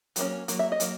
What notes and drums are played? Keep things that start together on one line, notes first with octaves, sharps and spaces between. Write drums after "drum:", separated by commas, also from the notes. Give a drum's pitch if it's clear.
F#3 A#3 C#4, drum: hi-hat
F#3 A#3, drum: hi-hat
E5
D#5
F#3 A#3, drum: hi-hat